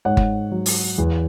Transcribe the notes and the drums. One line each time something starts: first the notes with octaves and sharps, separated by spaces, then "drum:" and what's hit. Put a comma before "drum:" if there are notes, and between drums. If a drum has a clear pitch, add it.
G#2 C#5 F#5
drum: kick G1
F#3
drum: open hi-hat
E2